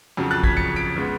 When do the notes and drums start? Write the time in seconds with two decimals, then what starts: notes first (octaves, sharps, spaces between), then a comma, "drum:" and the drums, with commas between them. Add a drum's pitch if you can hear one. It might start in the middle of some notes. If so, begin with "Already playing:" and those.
0.17 F2 C#3 F#3
0.31 F#6 A6
0.44 G#6 B6, drum: kick
0.57 A6 C#7
0.76 B6 D7
0.96 C#3 G#3 B3